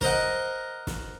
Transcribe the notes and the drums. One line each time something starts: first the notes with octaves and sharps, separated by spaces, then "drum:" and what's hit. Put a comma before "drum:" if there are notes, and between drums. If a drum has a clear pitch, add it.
A#4 C5 D#5 F#5, drum: snare
drum: snare